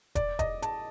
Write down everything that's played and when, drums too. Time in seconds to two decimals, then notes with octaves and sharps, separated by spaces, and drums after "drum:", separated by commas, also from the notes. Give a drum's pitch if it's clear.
0.15 D5, drum: kick E1, hi-hat
0.39 D#5, drum: kick E1, hi-hat
0.62 A5, drum: hi-hat